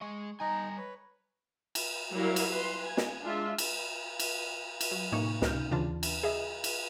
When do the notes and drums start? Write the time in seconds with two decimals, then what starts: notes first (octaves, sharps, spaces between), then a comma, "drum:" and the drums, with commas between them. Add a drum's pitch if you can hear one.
0.01 G#3 D#5 C#6
0.40 G3 D#4 G#5 A#5
0.78 B4 C#5
1.75 drum: cymbal
2.13 F#3 G3 E4 A#4 F5
2.36 drum: cymbal
2.49 B4 C6
2.82 G#5
2.97 drum: snare
3.23 G#3 D4 F4 E5
3.58 drum: cymbal
4.20 drum: cymbal
4.81 drum: cymbal
4.92 F#3
5.12 A2 C3 A#3 D#4 G#5 C#6
5.42 C#2 C3 C#4 D#4 F6 G6, drum: snare
5.71 D#2 C#3 E3 D4 F4 A5
6.03 drum: cymbal
6.23 G#4 D#5 E5
6.64 drum: cymbal